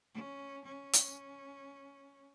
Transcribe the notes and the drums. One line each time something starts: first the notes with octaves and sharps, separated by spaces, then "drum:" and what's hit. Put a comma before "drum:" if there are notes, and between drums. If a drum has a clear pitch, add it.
C#4
C#4
drum: hi-hat